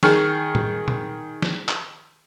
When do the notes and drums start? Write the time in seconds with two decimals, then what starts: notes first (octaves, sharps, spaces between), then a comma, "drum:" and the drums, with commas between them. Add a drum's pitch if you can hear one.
0.03 D#3 G#4 C#6 F6, drum: snare
0.55 drum: tom A2
0.88 drum: tom A#2
1.42 drum: snare
1.69 drum: clap